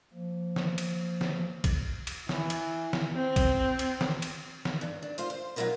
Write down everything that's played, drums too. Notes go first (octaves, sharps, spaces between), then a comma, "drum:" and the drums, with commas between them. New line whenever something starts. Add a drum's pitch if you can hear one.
F3 A#3
drum: snare
drum: cymbal
drum: snare
drum: kick, cymbal
drum: cymbal
E3, drum: snare
drum: cymbal
drum: snare
C4
drum: kick, cymbal
drum: cymbal
drum: snare
drum: cymbal
drum: snare
G2
D4
F4 C5 F5
C5
B2 F#3 G#3 F4 A#4 B4